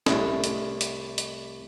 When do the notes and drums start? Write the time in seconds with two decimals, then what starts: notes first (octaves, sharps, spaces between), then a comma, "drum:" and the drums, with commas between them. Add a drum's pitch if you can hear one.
0.06 C2 A2, drum: snare
0.44 drum: hi-hat
0.81 drum: hi-hat
1.18 drum: hi-hat